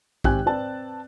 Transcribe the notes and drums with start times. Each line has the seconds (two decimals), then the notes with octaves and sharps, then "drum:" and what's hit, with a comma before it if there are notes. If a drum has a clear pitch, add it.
0.24 G#1 C4 G4 G5 G#5 F#6, drum: kick A#1
0.46 C4 B4 D5 A5